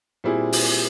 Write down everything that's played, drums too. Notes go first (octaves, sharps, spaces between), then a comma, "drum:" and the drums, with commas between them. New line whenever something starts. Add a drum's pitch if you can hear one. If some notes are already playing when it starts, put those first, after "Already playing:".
A#2 G3 C4 E4 G#4
drum: open hi-hat